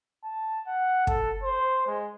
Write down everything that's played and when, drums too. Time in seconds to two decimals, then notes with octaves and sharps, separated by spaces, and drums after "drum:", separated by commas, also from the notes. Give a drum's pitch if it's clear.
0.24 A5
0.67 F#5
1.07 A4, drum: kick
1.43 C5
1.87 G#3